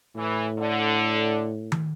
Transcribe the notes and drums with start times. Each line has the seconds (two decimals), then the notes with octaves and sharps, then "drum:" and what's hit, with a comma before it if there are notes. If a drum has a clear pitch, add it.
0.15 A2 E3
0.58 D3
1.72 drum: tom D#3